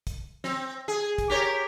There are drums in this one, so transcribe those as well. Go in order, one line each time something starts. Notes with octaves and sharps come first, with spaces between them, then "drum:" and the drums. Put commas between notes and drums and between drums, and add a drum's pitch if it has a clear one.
drum: kick, hi-hat
C4, drum: snare
G#4
drum: kick, hi-hat
G4 A#4 C#5